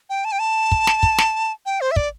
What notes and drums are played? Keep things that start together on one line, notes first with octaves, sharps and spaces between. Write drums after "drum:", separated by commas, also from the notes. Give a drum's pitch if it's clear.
G5
A5
G5
A5
drum: kick
drum: snare
drum: kick
drum: snare
G5
C5
E5
D5, drum: kick